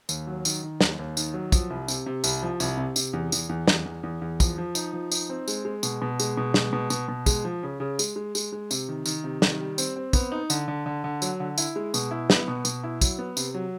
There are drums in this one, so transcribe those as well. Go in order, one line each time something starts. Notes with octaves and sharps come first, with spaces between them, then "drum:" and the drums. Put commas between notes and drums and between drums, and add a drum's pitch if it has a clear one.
D#2, drum: tambourine
F#3
D#3, drum: tambourine
D#3
D#2, drum: snare
D#2
D#3, drum: tambourine
F#3
F3, drum: kick, tambourine
C2
C3, drum: tambourine
C3
C2, drum: tambourine
F3
C2, drum: tambourine
C3
C3, drum: tambourine
E2
E2, drum: tambourine
E2
E2, drum: snare
E2
E2
E2
F3, drum: kick, tambourine
F3
D#4, drum: tambourine
F3
D#4, drum: tambourine
C4
G#3, drum: tambourine
G#3
B2, drum: tambourine
B2
G#3, drum: tambourine
B2
G#3, drum: snare
B2
B2, drum: tambourine
B2
G#3, drum: kick, tambourine
F3
C#3
C#3
G#3, drum: tambourine
G#3
G#3, drum: tambourine
G#3
C3, drum: tambourine
D#3
D#3, drum: tambourine
C3
D#3, drum: snare
G3
C4, drum: tambourine
C4
B3, drum: kick, tambourine
D#4
D3, drum: tambourine
D3
D3
D3
F#3, drum: tambourine
D3
E4, drum: tambourine
G#3
B2, drum: tambourine
E4
B3, drum: snare
B2
B2, drum: tambourine
E4
F#3, drum: kick, tambourine
B3
C3, drum: tambourine
F#3